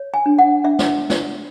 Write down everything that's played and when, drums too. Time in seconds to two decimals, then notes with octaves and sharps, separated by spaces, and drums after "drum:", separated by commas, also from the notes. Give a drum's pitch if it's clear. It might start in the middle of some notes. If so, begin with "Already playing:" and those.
Already playing: C#5
0.14 G#5
0.26 D4
0.39 F#5
0.64 D4 E5
0.79 drum: snare
1.10 drum: snare